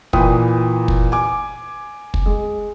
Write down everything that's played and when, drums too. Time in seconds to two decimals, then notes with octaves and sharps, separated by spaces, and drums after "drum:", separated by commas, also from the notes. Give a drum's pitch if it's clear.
0.13 A#2 E3 B4 G5 D#6, drum: kick
0.88 drum: kick
1.12 G#5 D6
2.14 drum: kick
2.26 G#3